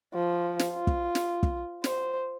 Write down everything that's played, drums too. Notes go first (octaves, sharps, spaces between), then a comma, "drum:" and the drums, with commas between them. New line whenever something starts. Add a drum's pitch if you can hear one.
F3
drum: snare
F4
drum: kick
drum: snare
drum: kick
C5, drum: snare